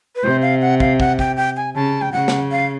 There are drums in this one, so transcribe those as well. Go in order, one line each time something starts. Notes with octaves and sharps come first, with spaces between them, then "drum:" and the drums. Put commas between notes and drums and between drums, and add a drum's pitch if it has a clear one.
B4
C3 C5
F5
F#5
F5, drum: kick
F#5, drum: kick
G5, drum: kick
G5
G#5
C#3 A5
G5
C#3 F#5
drum: snare
F5